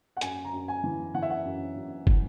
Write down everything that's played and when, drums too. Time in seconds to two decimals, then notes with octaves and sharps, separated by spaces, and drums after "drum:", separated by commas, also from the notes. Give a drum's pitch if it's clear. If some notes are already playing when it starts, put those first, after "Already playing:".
0.17 F#5
0.21 F#2 G#5, drum: hi-hat
0.45 A#5
0.53 F#2
0.68 G#5
0.83 E3
1.14 E3 F#5
1.22 E5
1.30 F#5
1.45 F#2
1.76 F#2
2.07 E3, drum: kick